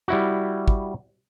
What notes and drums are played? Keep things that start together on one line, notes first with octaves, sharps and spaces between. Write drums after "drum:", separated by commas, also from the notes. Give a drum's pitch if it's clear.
G3 E4 F#4
drum: kick